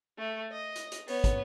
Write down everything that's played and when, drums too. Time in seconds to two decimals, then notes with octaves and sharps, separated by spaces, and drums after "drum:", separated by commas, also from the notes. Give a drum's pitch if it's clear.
0.19 A3
0.52 D#5
0.75 drum: hi-hat
0.92 drum: hi-hat
1.08 B3 C#5, drum: open hi-hat
1.24 drum: kick, hi-hat